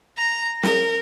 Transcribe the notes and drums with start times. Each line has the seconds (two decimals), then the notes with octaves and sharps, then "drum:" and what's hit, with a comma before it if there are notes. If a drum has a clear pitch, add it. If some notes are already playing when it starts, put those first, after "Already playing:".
0.18 A#5
0.63 A#4, drum: snare